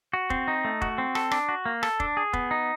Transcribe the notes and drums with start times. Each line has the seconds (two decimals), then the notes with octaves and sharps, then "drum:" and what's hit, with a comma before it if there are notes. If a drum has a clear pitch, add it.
0.13 F#4
0.30 C4, drum: kick
0.48 D#4
0.65 A3
0.82 F#4, drum: kick
0.98 C4
1.15 A4, drum: rim click
1.31 D4, drum: rim click
1.49 F#4
1.66 A#3
1.83 A4, drum: rim click
2.00 D4, drum: kick
2.17 G#4
2.33 B3, drum: kick
2.51 D#4